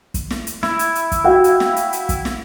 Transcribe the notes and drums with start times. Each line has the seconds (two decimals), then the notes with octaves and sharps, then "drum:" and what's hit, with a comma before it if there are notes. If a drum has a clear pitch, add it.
0.14 drum: kick, hi-hat
0.30 drum: snare
0.47 drum: hi-hat
0.63 E4, drum: snare
0.79 drum: hi-hat
0.95 drum: hi-hat
1.12 drum: kick, hi-hat
1.24 F#4 F5 G5
1.44 drum: hi-hat
1.60 drum: snare
1.76 drum: hi-hat
1.93 drum: hi-hat
2.09 drum: kick, hi-hat
2.25 drum: snare